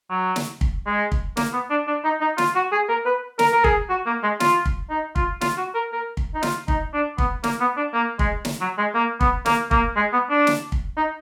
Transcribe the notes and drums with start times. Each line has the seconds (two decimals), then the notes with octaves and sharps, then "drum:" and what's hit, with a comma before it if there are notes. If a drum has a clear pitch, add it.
0.10 F#3
0.36 drum: snare
0.61 drum: kick
0.87 G#3
1.12 drum: kick
1.37 A#3, drum: snare
1.53 B3
1.70 D4
1.87 D4
2.04 D#4
2.21 D#4
2.38 F4, drum: snare
2.55 F#4
2.72 G#4
2.89 A#4
3.06 B4
3.39 A#4, drum: snare
3.52 A#4
3.64 G#4, drum: kick
3.90 F#4
4.07 A#3
4.23 G#3
4.40 F4, drum: snare
4.65 drum: kick
4.90 D#4
5.16 F4, drum: kick
5.41 F4, drum: snare
5.58 F#4
5.74 A#4
5.92 A#4
6.17 drum: kick
6.35 D#4
6.43 F4, drum: snare
6.68 D#4, drum: kick
6.93 D4
7.18 B3, drum: kick
7.44 A#3, drum: snare
7.60 B3
7.77 D4
7.94 A#3
8.19 G#3, drum: kick
8.45 drum: snare
8.61 F#3
8.78 G#3
8.95 A#3
9.21 B3, drum: kick
9.46 A#3, drum: snare
9.71 A#3, drum: kick
9.96 G#3
10.13 B3
10.30 D4
10.47 drum: snare
10.72 drum: kick
10.97 D#4